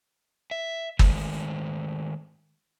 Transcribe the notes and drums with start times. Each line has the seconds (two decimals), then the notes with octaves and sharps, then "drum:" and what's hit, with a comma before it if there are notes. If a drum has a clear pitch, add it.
0.51 E5
0.99 D#3 G#3 A3, drum: kick G1